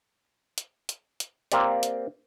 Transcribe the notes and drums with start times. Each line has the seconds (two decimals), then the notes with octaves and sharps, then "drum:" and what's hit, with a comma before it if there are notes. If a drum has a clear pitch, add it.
0.58 drum: hi-hat
0.89 drum: hi-hat
1.20 drum: hi-hat
1.52 A#3 C4 G4 D5, drum: hi-hat
1.83 drum: hi-hat